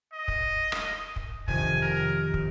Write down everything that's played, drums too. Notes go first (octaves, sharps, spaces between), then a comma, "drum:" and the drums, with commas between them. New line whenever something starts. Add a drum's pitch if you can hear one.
D#5
drum: kick
drum: rim click
drum: kick
F2 C3 D#3 G#5, drum: kick
A#4
drum: kick